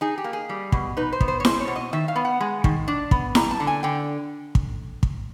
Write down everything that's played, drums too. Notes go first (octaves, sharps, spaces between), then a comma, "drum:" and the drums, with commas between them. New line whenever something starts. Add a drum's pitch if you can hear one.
D#4 G#4
G4
A#3
G#4
G3
B2, drum: kick
D#4 B4
C5
B3, drum: kick
C5
C#5
G#3 C5, drum: snare E4
C#5
B2
D#5
D#3 E5
F5
B3
F#5
G#3
D#3, drum: kick
D4
B3, drum: kick
G3 A#5, drum: snare E4
A5
D3
G#5
D3 G5
drum: kick
drum: kick